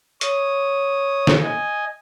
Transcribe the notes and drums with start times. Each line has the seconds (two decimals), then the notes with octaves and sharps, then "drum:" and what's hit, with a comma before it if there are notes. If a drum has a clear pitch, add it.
0.21 C#5 D#6, drum: hi-hat
1.27 drum: snare
1.43 D#5 G#5